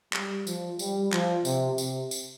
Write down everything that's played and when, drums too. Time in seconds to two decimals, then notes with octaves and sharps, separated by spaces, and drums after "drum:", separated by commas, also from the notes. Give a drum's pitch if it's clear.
0.13 G3, drum: clap
0.47 F3, drum: tambourine
0.79 G3, drum: tambourine
1.12 F3, drum: clap
1.45 C3, drum: tambourine
1.78 C3, drum: tambourine
2.11 drum: tambourine